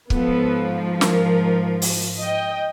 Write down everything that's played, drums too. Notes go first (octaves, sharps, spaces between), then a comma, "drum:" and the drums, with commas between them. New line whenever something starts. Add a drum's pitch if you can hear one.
G#2 F3 B3 A4 B4, drum: kick C#1
A#4, drum: snare
drum: open hi-hat
D#5 G5